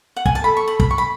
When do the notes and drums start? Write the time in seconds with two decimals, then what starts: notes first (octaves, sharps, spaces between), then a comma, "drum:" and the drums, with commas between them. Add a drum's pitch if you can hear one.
0.16 F#5
0.25 G#5, drum: kick
0.35 A5
0.44 A4 B5
0.57 C#6
0.68 B5
0.80 B5, drum: kick
0.91 C#6
0.98 B5